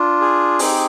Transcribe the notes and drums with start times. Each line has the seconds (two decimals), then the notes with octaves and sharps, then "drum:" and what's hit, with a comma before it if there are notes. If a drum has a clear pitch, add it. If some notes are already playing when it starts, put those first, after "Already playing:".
Already playing: D4 F4
0.21 G#4
0.59 C4 D#4 G4, drum: open hi-hat